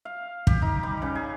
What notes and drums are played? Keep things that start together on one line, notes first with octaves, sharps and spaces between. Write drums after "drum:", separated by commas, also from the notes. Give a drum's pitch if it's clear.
F5
G4, drum: kick
D#4
G3
C#3
G#4